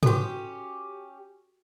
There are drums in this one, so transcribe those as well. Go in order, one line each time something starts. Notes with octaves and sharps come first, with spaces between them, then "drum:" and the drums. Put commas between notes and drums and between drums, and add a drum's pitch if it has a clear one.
C#4 F#4 G4 A4, drum: tom G#2